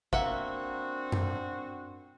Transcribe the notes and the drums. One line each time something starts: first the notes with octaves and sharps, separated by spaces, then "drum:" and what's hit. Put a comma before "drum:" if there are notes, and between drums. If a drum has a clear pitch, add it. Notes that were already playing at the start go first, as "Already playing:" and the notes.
A#3 C4 D4 F#4 E5 F#5, drum: kick
drum: tom F#2